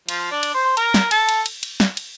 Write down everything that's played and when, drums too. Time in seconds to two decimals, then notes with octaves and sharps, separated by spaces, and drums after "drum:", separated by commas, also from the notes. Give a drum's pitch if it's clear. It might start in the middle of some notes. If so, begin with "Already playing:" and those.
0.09 F3 F4, drum: cymbal
0.31 D4 D5
0.43 drum: cymbal
0.54 C5 C6
0.77 A#4 A#5, drum: cymbal
0.94 drum: snare
1.11 A4 A5, drum: cymbal
1.29 drum: cymbal
1.46 drum: cymbal
1.63 drum: cymbal
1.80 drum: snare
1.97 drum: cymbal